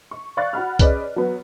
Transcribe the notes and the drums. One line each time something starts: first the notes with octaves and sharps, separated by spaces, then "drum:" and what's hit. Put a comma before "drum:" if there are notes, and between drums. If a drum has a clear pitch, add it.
C#6
D5 F5 C#6 F#6 A6
F#4 F#5 B5 F6
C#4 G#4 B4 D5 D#5, drum: kick, hi-hat
F#3 B3